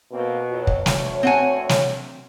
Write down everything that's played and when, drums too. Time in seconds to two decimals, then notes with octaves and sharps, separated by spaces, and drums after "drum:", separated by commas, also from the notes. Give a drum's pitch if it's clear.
0.13 B2 A#3 C4
0.50 F2 F#3
0.67 drum: kick
0.86 D2 C#5, drum: snare
1.23 C4 F#5 G#5
1.69 drum: snare